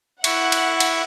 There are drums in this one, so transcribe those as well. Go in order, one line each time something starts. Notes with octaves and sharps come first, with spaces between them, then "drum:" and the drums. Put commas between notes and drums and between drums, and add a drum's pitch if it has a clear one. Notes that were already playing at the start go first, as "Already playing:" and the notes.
E4 F#5 C#6, drum: cymbal
drum: cymbal
drum: cymbal